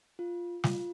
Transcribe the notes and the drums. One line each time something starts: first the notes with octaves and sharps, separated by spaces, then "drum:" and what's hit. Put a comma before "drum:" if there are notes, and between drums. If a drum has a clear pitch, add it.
F4
F4, drum: snare